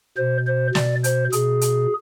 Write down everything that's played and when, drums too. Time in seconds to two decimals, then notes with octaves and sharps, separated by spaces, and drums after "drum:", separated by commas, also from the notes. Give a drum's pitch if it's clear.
0.17 B2 C5
0.47 C5
0.75 B2 D5, drum: snare
1.04 C5, drum: hi-hat
1.32 B2 G#4, drum: hi-hat
1.61 drum: hi-hat